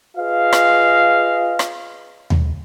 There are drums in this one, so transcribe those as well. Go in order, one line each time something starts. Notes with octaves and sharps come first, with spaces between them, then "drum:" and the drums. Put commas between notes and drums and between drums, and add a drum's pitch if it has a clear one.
F4 G#4 B4 D#5 F5
drum: rim click
drum: rim click
drum: tom D#2